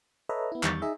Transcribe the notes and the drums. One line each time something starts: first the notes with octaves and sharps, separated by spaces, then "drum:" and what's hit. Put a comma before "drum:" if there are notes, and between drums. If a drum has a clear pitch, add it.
A4 B4 C#5 D#5 E5 A#5
B3 E4
E2 D#3 G3 C#6 G6 A6, drum: clap
D#4 G#4 D#5 E5